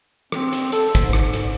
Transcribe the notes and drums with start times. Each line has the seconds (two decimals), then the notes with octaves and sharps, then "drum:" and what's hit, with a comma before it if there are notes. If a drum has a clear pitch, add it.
0.32 C4, drum: rim click
0.53 drum: hi-hat
0.72 A4, drum: hi-hat
0.95 G#2, drum: kick G#1, hi-hat
1.13 drum: rim click
1.34 drum: hi-hat